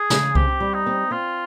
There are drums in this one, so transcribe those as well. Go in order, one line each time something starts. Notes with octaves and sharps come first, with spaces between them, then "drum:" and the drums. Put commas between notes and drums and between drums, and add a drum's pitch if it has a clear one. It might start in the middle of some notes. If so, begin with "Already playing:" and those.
Already playing: G#4
C#3, drum: snare
C4 G4, drum: kick C2
G3
D#4
C4
C4 F4